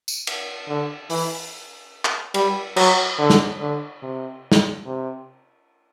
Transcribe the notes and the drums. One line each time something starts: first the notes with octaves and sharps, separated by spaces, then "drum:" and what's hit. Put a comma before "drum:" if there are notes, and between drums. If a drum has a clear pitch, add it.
drum: tambourine
drum: cymbal
D3
E3, drum: open hi-hat
drum: clap
G3, drum: cymbal
F#3, drum: cymbal
D3
drum: snare
D3
C3
drum: snare
C3